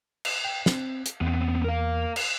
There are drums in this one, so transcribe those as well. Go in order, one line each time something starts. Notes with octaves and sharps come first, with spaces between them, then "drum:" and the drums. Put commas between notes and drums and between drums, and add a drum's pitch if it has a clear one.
drum: cymbal
G5
C4, drum: snare
drum: hi-hat
E2 B3 C4
A#4 F5
drum: cymbal